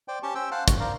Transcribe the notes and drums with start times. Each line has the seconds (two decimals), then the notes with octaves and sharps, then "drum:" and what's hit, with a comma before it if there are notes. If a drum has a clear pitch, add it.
0.08 C5 D5 G5
0.23 C#4 G4 A5 C#6
0.35 C#4 C5 G5 E6
0.51 C5 F5 F#5 A5 F6
0.68 F#4, drum: kick, hi-hat
0.80 A#4 C5 D5 F5 A#5